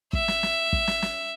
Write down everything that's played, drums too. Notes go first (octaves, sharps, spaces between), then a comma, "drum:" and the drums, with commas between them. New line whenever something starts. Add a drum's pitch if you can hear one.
E5, drum: kick
drum: snare
drum: snare
drum: kick
drum: snare
drum: snare